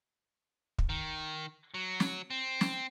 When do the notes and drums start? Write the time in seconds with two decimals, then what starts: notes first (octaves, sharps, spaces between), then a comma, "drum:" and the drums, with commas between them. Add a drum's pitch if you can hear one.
0.78 drum: kick
0.89 D#3
1.74 F#3
2.00 drum: snare
2.30 C4
2.61 drum: snare